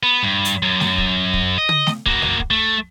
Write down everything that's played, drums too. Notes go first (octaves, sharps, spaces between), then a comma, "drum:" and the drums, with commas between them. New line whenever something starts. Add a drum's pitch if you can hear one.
B3
G2
drum: hi-hat
F#2
drum: snare A3
drum: kick
drum: kick
D#5
drum: tom
drum: snare A3
A#3 F#4, drum: kick
drum: tom
drum: kick
A3